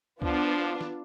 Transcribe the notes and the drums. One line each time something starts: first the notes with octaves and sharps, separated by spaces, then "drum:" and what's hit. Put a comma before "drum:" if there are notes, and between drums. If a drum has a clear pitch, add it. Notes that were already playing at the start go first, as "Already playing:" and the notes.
F3 B3 D4 F4, drum: kick
drum: snare